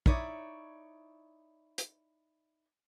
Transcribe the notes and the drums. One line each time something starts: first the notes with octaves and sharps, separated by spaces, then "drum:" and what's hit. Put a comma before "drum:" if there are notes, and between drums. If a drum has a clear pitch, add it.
D#4 E4 C#5 D5, drum: kick
drum: hi-hat